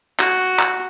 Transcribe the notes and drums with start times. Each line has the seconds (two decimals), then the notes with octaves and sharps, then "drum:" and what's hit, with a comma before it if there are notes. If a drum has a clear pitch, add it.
0.20 F#4, drum: clap
0.59 drum: clap